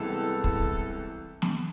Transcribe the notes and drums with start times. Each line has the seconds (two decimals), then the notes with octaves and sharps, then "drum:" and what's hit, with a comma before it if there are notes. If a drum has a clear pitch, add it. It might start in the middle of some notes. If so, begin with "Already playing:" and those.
Already playing: C2 C3 E3 G#3 B3 A4
0.44 drum: kick
1.42 drum: snare